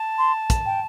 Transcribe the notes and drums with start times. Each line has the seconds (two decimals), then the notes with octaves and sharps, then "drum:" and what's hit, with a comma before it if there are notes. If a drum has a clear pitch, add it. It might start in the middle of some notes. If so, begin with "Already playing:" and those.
Already playing: A5
0.18 C6
0.50 drum: kick, hi-hat
0.66 G5